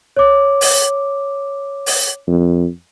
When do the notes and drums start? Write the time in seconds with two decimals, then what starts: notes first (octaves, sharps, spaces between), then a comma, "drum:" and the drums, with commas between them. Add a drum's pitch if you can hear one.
0.17 C#5 D6
0.61 drum: open hi-hat
1.86 drum: open hi-hat
2.27 F2